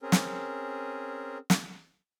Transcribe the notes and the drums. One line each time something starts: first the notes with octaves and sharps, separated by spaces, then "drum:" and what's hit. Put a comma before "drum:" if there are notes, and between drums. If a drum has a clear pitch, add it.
C4 C#4 G#4 A#4
drum: snare
drum: snare